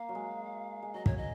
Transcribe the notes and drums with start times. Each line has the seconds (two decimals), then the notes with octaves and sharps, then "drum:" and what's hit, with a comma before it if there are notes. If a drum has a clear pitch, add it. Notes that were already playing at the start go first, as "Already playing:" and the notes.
Already playing: A#3 F5
0.09 F#3
0.15 G#3
0.83 G#3
0.93 F#3 D#5
1.06 C#5, drum: kick
1.11 G#3
1.17 D#5